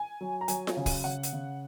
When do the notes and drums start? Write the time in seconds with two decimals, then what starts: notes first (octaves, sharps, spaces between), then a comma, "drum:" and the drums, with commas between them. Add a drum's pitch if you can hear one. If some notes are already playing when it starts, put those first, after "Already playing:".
Already playing: G#5
0.21 F#3
0.41 A#5
0.48 F#3 G#5, drum: hi-hat
0.67 drum: snare F4
0.77 C#3
0.86 drum: kick, open hi-hat
1.04 C#3 F#5
1.23 drum: hi-hat
1.33 C#3